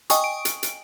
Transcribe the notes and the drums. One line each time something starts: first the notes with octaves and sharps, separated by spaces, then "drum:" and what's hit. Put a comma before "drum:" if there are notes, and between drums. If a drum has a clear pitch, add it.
D#5 G5 G#5 C#6 D#6, drum: hi-hat
D7
drum: hi-hat
drum: hi-hat